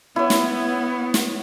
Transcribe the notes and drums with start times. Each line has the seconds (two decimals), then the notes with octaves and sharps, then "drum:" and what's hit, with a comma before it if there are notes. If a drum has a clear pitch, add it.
0.16 B3 E4 C#5
0.30 drum: snare
1.14 drum: snare